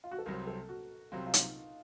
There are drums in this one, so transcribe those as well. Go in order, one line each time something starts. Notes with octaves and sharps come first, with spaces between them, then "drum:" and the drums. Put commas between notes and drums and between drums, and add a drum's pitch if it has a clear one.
F4
F#4
A4
C2 C3 F#3 C4 A#4
A4
F#4
C2 C3 F#3 C4 F4
F4
D#4, drum: hi-hat